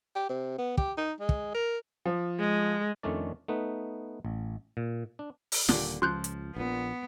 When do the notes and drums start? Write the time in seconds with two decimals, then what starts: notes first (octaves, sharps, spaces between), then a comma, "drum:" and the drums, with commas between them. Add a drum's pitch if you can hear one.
0.15 G4
0.29 C3
0.58 B3
0.78 G4, drum: kick
0.98 D#4
1.20 G#3
1.29 drum: kick
1.54 A#4
2.05 F3
2.39 G#3
3.03 F2 D#3 A3 C#4 D4 D5
3.48 A3 B3 D#4 B4
4.25 A1
4.77 A#2
5.19 D4
5.52 drum: open hi-hat
5.69 D#1 A#2 D3 G4, drum: snare
6.02 C#2 F3 C6 F#6 G6
6.24 drum: hi-hat
6.56 A#1 A#2 B3